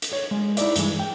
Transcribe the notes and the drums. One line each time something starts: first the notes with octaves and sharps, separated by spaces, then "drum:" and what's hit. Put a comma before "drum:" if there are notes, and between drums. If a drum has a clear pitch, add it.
drum: hi-hat
C#5
G#3
D#4 E4 A4 C5 D5 E5, drum: hi-hat
G2 E3 G#3, drum: hi-hat
G5